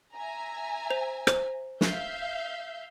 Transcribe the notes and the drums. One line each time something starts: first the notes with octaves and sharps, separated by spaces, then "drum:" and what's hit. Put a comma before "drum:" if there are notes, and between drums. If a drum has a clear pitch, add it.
E5 G#5 A#5
C5 F7
C5, drum: rim click
E5 F5 G6, drum: snare